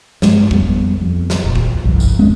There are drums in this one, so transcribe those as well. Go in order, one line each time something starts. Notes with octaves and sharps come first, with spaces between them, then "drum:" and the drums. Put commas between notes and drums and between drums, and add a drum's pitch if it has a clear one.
G2 G#3, drum: snare
F2 G3 B3, drum: kick
F2
drum: snare
D#1
drum: kick
G1 C2 F2
drum: tambourine
E2 G#3 B3 C#4